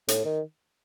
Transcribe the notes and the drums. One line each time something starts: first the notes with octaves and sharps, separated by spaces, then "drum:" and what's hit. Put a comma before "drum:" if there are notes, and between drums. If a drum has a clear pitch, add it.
A2, drum: hi-hat
D#3